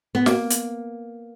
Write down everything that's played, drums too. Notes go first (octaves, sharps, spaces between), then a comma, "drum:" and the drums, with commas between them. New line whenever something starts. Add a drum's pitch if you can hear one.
B3
A#3, drum: snare
drum: hi-hat